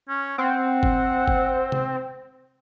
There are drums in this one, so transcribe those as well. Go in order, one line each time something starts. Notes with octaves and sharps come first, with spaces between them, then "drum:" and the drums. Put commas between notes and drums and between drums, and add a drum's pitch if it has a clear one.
C#4
C4 F#5
drum: kick G1
drum: kick G1
drum: tom C3